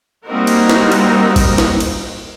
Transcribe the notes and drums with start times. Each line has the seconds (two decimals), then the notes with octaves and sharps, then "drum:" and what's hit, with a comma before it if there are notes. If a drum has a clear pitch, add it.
0.25 G3 A#3 C4 D#4 F#4 A#4
0.47 drum: cymbal
0.69 drum: snare
0.92 drum: cymbal
1.36 drum: kick, cymbal
1.58 drum: snare
1.80 drum: cymbal